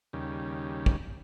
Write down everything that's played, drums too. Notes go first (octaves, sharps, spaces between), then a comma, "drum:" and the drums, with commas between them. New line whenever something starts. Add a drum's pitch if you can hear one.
D#2 C#3 G3
drum: kick